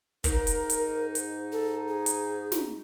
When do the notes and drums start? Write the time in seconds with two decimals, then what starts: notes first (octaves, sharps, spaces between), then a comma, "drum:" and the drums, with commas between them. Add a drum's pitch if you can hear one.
0.24 G#2 D#4 A#4, drum: kick, hi-hat
0.47 drum: hi-hat
0.70 drum: hi-hat
1.15 drum: hi-hat
1.52 A4
1.88 G#4
2.06 drum: hi-hat
2.52 drum: snare